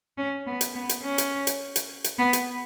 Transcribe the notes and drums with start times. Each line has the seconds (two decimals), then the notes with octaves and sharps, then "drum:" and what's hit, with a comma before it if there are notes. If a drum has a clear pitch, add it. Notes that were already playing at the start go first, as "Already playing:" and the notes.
0.18 C#4
0.46 B3
0.61 drum: hi-hat
0.75 B3
0.89 drum: hi-hat
1.03 C#4
1.18 drum: hi-hat
1.47 drum: hi-hat
1.76 drum: hi-hat
2.04 drum: hi-hat
2.19 B3
2.33 drum: hi-hat